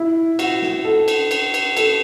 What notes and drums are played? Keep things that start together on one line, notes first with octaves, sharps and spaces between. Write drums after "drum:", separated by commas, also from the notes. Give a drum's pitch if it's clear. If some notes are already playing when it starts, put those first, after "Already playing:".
Already playing: E4
F#4, drum: cymbal
drum: snare
A4
drum: cymbal
drum: cymbal
drum: cymbal
A4, drum: cymbal